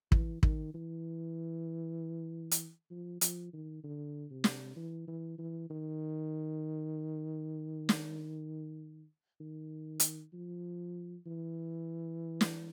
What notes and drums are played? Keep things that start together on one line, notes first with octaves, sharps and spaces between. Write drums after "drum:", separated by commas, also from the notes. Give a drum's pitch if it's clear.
E3, drum: kick
D#3, drum: kick
E3
drum: hi-hat
F3
F3, drum: hi-hat
D#3
D3
C3
drum: snare
E3
E3
E3
D#3
drum: snare
D#3
drum: hi-hat
F3
E3
drum: snare